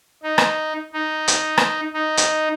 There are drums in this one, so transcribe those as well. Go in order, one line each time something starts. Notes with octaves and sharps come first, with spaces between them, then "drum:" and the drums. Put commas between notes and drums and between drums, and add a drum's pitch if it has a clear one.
D#4
drum: rim click
D#4
drum: hi-hat
drum: rim click
D#4
drum: hi-hat